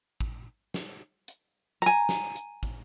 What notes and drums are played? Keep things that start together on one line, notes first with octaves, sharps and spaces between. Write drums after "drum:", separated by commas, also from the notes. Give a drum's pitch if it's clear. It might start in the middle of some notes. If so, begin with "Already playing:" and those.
drum: kick
drum: snare
drum: hi-hat
G#5 A#5, drum: hi-hat
drum: snare
drum: hi-hat
drum: kick